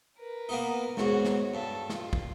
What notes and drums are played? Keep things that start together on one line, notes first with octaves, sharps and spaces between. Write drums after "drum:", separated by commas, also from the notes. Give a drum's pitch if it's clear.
A#4 B4
A#3 B3 D#4
E2 G#2 F#4 C#5, drum: snare
drum: snare
G2 A4
F4, drum: snare
drum: kick